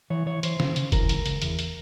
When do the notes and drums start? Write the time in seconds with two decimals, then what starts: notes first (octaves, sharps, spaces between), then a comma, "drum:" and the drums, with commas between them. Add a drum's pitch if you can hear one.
0.10 E3 C#5
0.26 E3 C#5
0.43 E3 C5, drum: hi-hat
0.60 C#3, drum: snare
0.76 C#3, drum: hi-hat
0.92 E3 A#4, drum: kick F1, hi-hat
1.09 C#2, drum: hi-hat
1.26 C#2, drum: hi-hat
1.42 E2, drum: hi-hat
1.59 drum: hi-hat